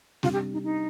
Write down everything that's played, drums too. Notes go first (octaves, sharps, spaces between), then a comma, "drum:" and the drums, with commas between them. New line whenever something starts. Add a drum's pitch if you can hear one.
C3 G3 D4 F4, drum: snare
G4
D#4
D#4